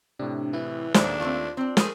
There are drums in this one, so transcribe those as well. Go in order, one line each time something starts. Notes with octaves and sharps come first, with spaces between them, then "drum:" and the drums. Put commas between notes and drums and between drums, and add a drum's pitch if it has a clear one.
A2 C3 D4
E3 E4
D#2 A#2 D4 G#4 A4 C5 E5 E7, drum: snare
A3 A#3 C4 F4
C4 D4
A3 G#4 A#4 C5 C6 D#6, drum: snare